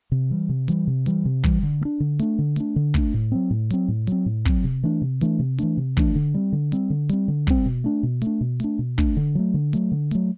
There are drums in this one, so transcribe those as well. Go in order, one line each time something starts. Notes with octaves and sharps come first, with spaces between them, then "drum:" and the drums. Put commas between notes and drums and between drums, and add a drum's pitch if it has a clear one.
C3
E3 G3
C3
E3 G3, drum: hi-hat
C3
E3 G3, drum: hi-hat
C3
E3 G3, drum: kick, hi-hat
D3
A3
D4
D3
A3 D4, drum: hi-hat
D3
A3 D4, drum: hi-hat
D3
A3 D4, drum: kick, hi-hat
A2
F#3 C4
A2
F#3 C4, drum: hi-hat
A2
F#3 C4, drum: hi-hat
A2
F#3 C4, drum: kick, hi-hat
C3
E3 A3 D4
C3
E3 A3 D4, drum: hi-hat
C3
E3 A3 D4, drum: hi-hat
C3
E3 A3 D4, drum: kick, hi-hat
D3
G3 C4
D3
G3 C4, drum: hi-hat
D3
G3 C4, drum: hi-hat
D3
G3 C4, drum: kick
B2
A3 D4
B2
A3 D4, drum: hi-hat
B2
A3 D4, drum: hi-hat
B2
A3 D4, drum: kick, hi-hat
D3
F#3 A3
D3
F#3 A3, drum: hi-hat
D3
F#3 A3, drum: hi-hat